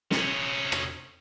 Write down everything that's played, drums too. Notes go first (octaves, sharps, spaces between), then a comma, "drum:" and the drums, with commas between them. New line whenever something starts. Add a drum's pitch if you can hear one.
C3 C#4, drum: snare
drum: rim click